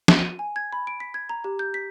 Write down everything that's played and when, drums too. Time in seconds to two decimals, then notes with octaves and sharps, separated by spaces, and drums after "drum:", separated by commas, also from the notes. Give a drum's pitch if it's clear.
0.08 drum: snare
0.19 D#7
0.39 G#5
0.56 G#6
0.73 B5
0.87 D7
1.00 B6
1.14 G#6
1.29 A#5
1.44 G4
1.59 G6
1.74 B6